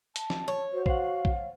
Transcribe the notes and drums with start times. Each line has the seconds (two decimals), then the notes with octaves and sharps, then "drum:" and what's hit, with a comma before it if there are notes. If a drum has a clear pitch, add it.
0.16 A5, drum: hi-hat
0.30 drum: snare
0.48 C#5
0.73 F#4 C5
0.86 C5 F5 F#5, drum: kick A#1
1.25 drum: kick A#1